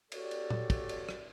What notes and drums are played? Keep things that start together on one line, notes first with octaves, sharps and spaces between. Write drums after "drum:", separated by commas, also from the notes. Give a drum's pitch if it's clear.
F#4 G4 A4 C#5 D5, drum: cymbal
drum: cymbal
drum: tom A#2
drum: kick, cymbal
drum: cymbal
drum: rim click